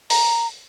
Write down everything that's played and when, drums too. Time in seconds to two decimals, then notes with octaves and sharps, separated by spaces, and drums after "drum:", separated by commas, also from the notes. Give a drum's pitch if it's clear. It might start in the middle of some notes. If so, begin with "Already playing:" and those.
0.10 A#5, drum: open hi-hat